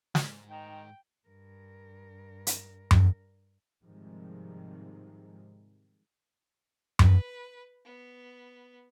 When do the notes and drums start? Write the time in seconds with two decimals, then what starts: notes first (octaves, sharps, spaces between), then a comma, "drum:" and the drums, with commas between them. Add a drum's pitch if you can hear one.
0.15 G#2, drum: snare
0.50 D#3 G5
1.29 G2 A#4
2.47 drum: hi-hat
2.91 drum: tom F#2
3.84 G#2 C3 D#3 F3 G3 G#3
6.99 B4, drum: tom F#2
7.85 B3